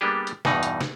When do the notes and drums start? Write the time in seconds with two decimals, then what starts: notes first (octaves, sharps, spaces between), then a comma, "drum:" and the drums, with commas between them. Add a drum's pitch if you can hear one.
0.01 G3 A#3 B3 D4 G4 G#4
0.27 drum: hi-hat
0.45 E2 G2 B2 E3 D#4 F#5, drum: snare
0.63 drum: hi-hat
0.81 drum: snare